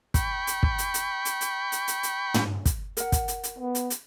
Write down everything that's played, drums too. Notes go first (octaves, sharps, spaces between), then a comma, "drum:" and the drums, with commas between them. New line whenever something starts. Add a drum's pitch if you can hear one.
G5 B5 C#6, drum: kick, hi-hat
drum: hi-hat
drum: kick
drum: hi-hat
drum: hi-hat
drum: hi-hat
drum: hi-hat
drum: hi-hat
drum: hi-hat
drum: hi-hat
drum: tom
drum: kick, hi-hat
A#4 F#5, drum: hi-hat
drum: kick, hi-hat
drum: hi-hat
drum: hi-hat
B3
drum: hi-hat
drum: hi-hat